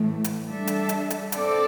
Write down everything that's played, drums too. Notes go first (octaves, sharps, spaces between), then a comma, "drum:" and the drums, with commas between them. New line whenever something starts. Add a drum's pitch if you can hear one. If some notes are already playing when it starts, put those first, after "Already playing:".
Already playing: A2 E3 A3
drum: hi-hat
G3 D4 A4 E5
drum: hi-hat
drum: hi-hat
drum: hi-hat
C4 A4 D5, drum: hi-hat